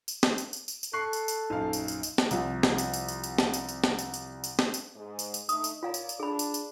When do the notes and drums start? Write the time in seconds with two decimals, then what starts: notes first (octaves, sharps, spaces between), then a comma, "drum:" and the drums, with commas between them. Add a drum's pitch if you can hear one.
0.08 drum: tambourine
0.23 drum: snare
0.38 drum: tambourine
0.53 drum: tambourine
0.68 drum: tambourine
0.83 drum: tambourine
0.93 A4 C#6 F#6 C7
1.13 drum: tambourine
1.28 drum: tambourine
1.50 A#1 F#2 D#4 F5
1.73 drum: tambourine
1.88 drum: tambourine
2.03 drum: tambourine
2.18 drum: snare
2.31 C2 F3, drum: tambourine
2.63 drum: snare
2.78 drum: tambourine
2.93 drum: tambourine
3.08 drum: tambourine
3.23 drum: tambourine
3.38 drum: snare
3.54 drum: tambourine
3.69 drum: tambourine
3.84 drum: snare
3.99 drum: tambourine
4.14 drum: tambourine
4.44 drum: tambourine
4.59 drum: snare
4.74 drum: tambourine
4.95 G#2
5.19 drum: tambourine
5.34 drum: tambourine
5.49 D3 A3 D#4 D#6, drum: tambourine
5.64 drum: tambourine
5.83 F4 A#4 C#5 D5 F5 A#5
5.94 drum: tambourine
6.09 drum: tambourine
6.20 D4 G#4 B5
6.39 drum: tambourine
6.54 drum: tambourine